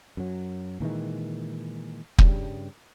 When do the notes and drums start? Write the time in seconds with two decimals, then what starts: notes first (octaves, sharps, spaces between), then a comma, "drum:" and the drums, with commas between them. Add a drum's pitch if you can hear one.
0.17 F#2 F#3
0.80 A#2 D#3 E3 G#3
2.18 G2 C#3 G3, drum: kick